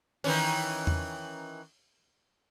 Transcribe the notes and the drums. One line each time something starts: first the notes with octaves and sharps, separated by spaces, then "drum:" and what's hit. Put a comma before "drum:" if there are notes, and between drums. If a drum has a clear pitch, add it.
D#3 E3 C#4, drum: open hi-hat
drum: tom E2